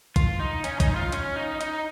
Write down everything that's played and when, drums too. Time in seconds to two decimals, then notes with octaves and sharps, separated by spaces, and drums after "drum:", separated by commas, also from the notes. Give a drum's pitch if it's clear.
0.16 F4, drum: kick A#1, hi-hat
0.40 D#4
0.64 C#4, drum: hi-hat
0.80 D#4, drum: kick A#1, hi-hat
0.96 F4
1.12 C#4, drum: hi-hat
1.36 D#4
1.61 D#4, drum: hi-hat